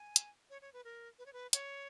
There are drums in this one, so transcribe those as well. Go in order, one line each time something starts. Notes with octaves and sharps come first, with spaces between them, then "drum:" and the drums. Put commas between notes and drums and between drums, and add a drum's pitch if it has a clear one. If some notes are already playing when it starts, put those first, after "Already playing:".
Already playing: G#5
drum: hi-hat
C#5
C#5
B4
A#4
B4
C#5
B4
C#5, drum: hi-hat